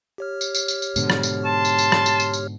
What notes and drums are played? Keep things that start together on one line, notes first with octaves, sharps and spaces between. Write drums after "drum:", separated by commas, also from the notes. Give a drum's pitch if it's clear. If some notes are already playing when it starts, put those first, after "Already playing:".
G4 C#5 F6
drum: tambourine
drum: tambourine
drum: tambourine
drum: tambourine
G#2 B2 D3, drum: tambourine
drum: rim click
drum: tambourine
A5 C6
drum: tambourine
drum: tambourine
drum: rim click
drum: tambourine
drum: tambourine
drum: tambourine